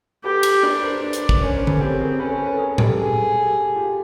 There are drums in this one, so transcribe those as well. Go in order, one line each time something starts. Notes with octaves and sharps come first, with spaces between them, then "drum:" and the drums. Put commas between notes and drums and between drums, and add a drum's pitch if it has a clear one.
G4 A4 B4
drum: cymbal
D4 A4 B4
A#4 C5
D4
drum: hi-hat
drum: kick
C#4 A#4 C5
A#4 C5
A4 B4, drum: tom D3
C4 G4 A4
G#4 A#4
C#4 A4 B4
A4 B4
A4 B4
G#4 A#4
G4 A4, drum: tom A2
G#4
G4 A4
F4 G4